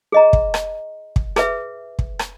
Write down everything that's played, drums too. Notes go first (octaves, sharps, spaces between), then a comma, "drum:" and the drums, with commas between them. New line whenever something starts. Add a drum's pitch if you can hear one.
G#4 D#5 A#5
drum: kick
drum: rim click
drum: kick
G#4 B4 E5, drum: rim click
drum: kick
drum: rim click